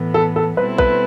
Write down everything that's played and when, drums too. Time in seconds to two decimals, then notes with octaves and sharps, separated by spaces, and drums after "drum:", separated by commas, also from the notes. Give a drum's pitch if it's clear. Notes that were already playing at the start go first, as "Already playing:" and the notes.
Already playing: A2 E3 B3
0.14 A4
0.36 A4
0.57 B2 G3 C4 E4 A4 B4
0.78 B4, drum: kick A#1